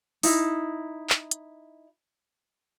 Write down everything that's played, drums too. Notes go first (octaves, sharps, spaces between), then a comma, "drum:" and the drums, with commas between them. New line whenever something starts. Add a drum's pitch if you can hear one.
D#4 E4, drum: open hi-hat
drum: clap
drum: hi-hat